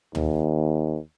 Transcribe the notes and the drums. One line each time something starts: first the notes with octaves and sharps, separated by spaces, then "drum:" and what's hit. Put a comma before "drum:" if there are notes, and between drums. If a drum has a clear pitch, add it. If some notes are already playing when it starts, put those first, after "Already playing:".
D#2, drum: tom